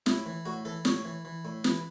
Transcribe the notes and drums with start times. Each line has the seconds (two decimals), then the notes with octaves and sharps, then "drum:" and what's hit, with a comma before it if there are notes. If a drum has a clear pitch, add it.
0.06 A2 E4, drum: snare
0.26 E3
0.45 A2 F#4
0.65 E3 A4
0.85 A2 C#5, drum: snare
1.05 E3
1.25 E3
1.45 A2
1.64 E3 B4, drum: snare